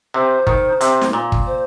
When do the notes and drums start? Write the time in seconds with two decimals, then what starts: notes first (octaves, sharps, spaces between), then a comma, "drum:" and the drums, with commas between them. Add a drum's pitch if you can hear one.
0.14 C3 C5
0.47 D#3, drum: kick
0.81 C3, drum: hi-hat
1.01 drum: snare
1.13 A#2
1.32 drum: kick
1.46 C5